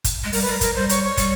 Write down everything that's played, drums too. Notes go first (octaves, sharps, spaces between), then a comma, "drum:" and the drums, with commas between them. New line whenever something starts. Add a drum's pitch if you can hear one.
drum: kick, hi-hat
G#3
G3 A#4, drum: open hi-hat
B4
G3 A#4
F#3 A#4, drum: kick, hi-hat
G3 C5
C#5, drum: hi-hat
C#5
G3, drum: kick, hi-hat